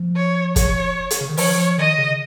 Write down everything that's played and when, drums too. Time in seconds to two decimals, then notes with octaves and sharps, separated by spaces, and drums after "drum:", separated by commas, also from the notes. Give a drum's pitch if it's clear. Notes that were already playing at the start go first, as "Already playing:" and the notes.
Already playing: F3
0.16 C#5
0.56 C#5, drum: kick, hi-hat
1.11 drum: hi-hat
1.21 C#3
1.29 D#3
1.37 F3 C#5, drum: open hi-hat
1.58 F3
1.78 D#3 D#5
1.98 C#3